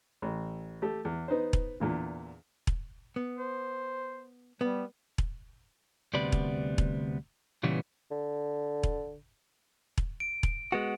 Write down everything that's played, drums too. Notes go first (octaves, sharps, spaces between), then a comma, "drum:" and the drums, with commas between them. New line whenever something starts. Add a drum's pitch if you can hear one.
A1
A3 G4 A4
E2
B3 D#4 B4 C5
drum: kick E1
E2 A#2 D3
drum: kick E1
B3
C5
G3 B3
drum: kick E1
D2 C3 G3 B3 D5 B5
drum: kick E1
drum: kick E1
A#2 C#3 E3 G3 B3
D3
drum: kick E1
drum: kick E1
D7
drum: kick E1
G#3 B3 F#4